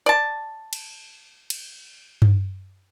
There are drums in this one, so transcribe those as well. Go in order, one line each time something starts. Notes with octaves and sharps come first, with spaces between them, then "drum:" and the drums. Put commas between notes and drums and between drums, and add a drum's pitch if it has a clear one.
D5 A5
drum: cymbal
drum: cymbal
drum: tom G2